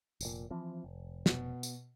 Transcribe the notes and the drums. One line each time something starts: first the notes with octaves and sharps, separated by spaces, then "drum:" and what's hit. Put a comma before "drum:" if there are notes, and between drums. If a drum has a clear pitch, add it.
F1 A#2, drum: tambourine
E3 F3 C4
F1
B2, drum: snare
drum: tambourine